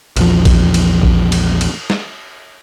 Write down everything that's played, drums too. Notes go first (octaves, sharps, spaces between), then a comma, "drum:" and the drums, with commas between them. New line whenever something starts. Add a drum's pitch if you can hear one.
A#1 E2 F3, drum: cymbal
drum: kick, cymbal
drum: cymbal
drum: kick
drum: cymbal
drum: cymbal
drum: snare